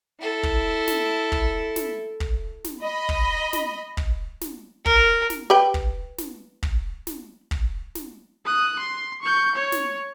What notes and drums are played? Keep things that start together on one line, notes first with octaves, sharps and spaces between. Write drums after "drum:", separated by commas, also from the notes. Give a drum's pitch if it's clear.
E4 A4
drum: kick
drum: snare
drum: kick
drum: snare
drum: kick
drum: snare
D#5 B5
drum: kick
drum: snare
drum: kick
drum: snare
A#4, drum: kick
drum: snare
G4 B4 G5
drum: kick
drum: snare
drum: kick
drum: snare
drum: kick
drum: snare
D#6 F#6
C6
C#6 G6
C#5
drum: snare